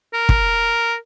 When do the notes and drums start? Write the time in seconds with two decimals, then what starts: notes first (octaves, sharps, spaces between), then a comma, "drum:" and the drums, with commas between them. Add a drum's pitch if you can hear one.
0.14 A#4
0.29 drum: kick